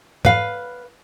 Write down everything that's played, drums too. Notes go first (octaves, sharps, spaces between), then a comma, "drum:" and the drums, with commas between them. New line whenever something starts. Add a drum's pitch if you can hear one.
B4 F5, drum: tom G#2